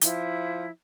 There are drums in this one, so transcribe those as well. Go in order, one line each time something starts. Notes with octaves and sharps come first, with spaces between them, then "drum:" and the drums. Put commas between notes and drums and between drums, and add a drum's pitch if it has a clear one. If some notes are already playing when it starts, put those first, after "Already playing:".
F3 E4, drum: hi-hat